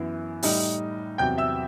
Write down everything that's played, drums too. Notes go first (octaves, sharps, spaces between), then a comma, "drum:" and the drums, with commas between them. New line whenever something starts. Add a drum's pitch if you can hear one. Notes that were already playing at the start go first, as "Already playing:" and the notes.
Already playing: F#2 E3 B3 E4
A2 G3 D#4, drum: open hi-hat
E2 C3 F#3 G5 G6
E5 E6